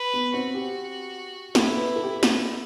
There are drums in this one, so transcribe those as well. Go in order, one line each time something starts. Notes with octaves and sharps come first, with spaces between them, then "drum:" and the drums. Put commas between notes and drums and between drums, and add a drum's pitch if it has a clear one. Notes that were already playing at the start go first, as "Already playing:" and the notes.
Already playing: B4
B3
C4 F#4
G4
E4 A4, drum: snare
B4
A4
G4
drum: snare